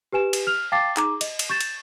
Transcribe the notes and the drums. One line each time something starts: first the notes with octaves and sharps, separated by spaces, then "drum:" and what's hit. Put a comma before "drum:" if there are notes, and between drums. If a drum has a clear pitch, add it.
G4 B4 G#5 E7
drum: cymbal
F6 F7
F5 G5 A5 D6 A6 C7
D#4 G#4 A#5 D6, drum: clap
D#5, drum: cymbal
drum: cymbal
C#6 G6 A6 E7
drum: cymbal